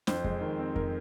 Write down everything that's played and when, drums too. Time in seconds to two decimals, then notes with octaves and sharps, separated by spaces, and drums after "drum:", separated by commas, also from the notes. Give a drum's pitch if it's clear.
0.07 F2 C5, drum: snare
0.24 G#3, drum: kick F2
0.41 D#3
0.59 C4
0.76 A#4, drum: kick F2